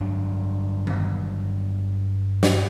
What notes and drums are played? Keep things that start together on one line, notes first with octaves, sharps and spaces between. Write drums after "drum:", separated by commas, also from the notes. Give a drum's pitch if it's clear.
G1 G2 F#3 D4
drum: tom D#3
drum: snare